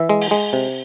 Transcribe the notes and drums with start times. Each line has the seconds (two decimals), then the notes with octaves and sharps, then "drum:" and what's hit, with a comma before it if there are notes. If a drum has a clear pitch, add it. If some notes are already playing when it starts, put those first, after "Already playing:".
Already playing: E3 E5
0.09 G#3
0.21 drum: open hi-hat
0.31 G#3
0.53 C3